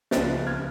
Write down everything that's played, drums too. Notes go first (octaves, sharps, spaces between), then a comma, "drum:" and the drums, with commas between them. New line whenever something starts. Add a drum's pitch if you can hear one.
C#2 C#3 F3 F#6 A6, drum: snare
F6 G#6